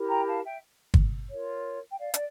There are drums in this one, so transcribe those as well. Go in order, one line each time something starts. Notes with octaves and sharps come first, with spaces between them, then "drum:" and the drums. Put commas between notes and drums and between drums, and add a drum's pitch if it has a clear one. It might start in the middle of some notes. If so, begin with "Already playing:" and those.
Already playing: E4 G4 A#4
G5 A#5
F5 A5
E5 G5
drum: kick
F4 A#4 C#5
G5
D5 F5
D5, drum: hi-hat